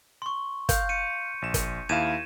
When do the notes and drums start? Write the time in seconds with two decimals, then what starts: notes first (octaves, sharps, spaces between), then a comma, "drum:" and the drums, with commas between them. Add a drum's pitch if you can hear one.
0.22 C6 C#6
0.69 F5 G6, drum: kick, hi-hat
0.89 C#7 D#7
1.42 A#1 E7
1.54 drum: kick, hi-hat
1.89 D#2 E4 F5 G#6 D#7 E7